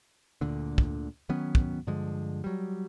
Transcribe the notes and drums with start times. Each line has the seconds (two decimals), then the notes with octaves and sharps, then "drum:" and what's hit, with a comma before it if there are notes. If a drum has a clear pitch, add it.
0.41 D2 A#2 D3
0.78 drum: kick
1.29 D#3 F#3 B3 C#4
1.55 drum: kick
1.87 G2 D3 F3 G#3
2.44 F#3 G3